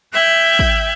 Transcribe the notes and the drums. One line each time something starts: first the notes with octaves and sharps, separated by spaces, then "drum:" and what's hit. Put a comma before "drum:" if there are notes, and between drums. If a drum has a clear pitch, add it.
E5 G5 F#6 G#6
drum: kick